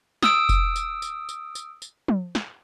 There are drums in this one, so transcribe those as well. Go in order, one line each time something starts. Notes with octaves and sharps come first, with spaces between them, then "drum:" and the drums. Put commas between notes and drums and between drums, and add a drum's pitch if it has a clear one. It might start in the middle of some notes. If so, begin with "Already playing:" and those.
D#6 E6 D7, drum: snare
drum: kick F1, tambourine
drum: tambourine
drum: tambourine
drum: tambourine
drum: tambourine
drum: tambourine
drum: tom
drum: snare